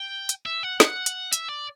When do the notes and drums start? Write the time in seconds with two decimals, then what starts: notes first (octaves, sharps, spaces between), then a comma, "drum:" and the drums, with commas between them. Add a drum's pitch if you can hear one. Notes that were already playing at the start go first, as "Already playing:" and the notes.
Already playing: G5
0.29 drum: hi-hat
0.46 E5
0.63 F#5
0.80 F#5, drum: snare
1.06 drum: hi-hat
1.33 E5, drum: hi-hat
1.49 D5